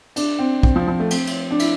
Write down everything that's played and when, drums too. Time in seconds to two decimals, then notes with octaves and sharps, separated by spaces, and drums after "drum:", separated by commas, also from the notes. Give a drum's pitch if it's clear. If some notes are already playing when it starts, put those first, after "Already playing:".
0.16 D4, drum: cymbal
0.39 C4
0.63 C4, drum: kick
0.76 F3
0.88 F3
1.00 A3
1.10 C4, drum: cymbal
1.27 drum: cymbal
1.51 D4
1.59 E4, drum: cymbal